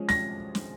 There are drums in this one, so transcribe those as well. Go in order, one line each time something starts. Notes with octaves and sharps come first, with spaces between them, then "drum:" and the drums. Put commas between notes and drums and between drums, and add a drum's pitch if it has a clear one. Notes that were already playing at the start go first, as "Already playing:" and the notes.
Already playing: F3 G#3 C#4 G#4
A#6, drum: snare
drum: snare